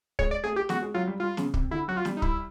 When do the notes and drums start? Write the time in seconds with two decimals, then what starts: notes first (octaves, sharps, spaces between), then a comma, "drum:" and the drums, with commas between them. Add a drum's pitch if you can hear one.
0.19 G#3 C#5, drum: kick
0.31 D5
0.44 A3 G#4
0.56 G4
0.69 G#3 F#4, drum: snare
0.82 G#3
0.94 F#3 F4
1.07 G3
1.20 G3 F4
1.37 C#3, drum: snare
1.54 C3, drum: kick
1.71 D3 E4
1.88 F#3 F#4
1.97 F4
2.05 G3, drum: snare
2.17 D#4
2.22 E4, drum: kick